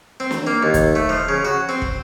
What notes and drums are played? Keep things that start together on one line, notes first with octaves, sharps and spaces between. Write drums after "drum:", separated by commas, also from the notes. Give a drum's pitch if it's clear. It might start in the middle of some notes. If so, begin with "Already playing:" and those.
C4
drum: snare
A#3
D#2
drum: kick, hi-hat
A3
F3
C#3
F#4
C4
drum: kick